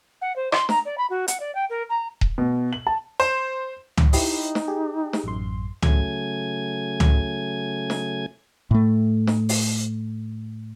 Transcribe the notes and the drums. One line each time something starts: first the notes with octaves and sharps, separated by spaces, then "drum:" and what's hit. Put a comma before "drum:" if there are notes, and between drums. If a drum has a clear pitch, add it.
F#5
C5
C6, drum: rim click
A#5, drum: snare
D5
B5
F#4
F#5, drum: hi-hat
D5
G5
A#4
A#5
drum: kick D#1
B2
F#7
A5
C5
drum: tom C#2
D#4 E4 G4 D#5, drum: open hi-hat
drum: snare
G4 G#4
drum: snare
A1 F#2 C6
C#3 F#3 A3 G#5 G#6, drum: tom C#2
drum: tom C#2
drum: snare
A2 A3
drum: snare
drum: open hi-hat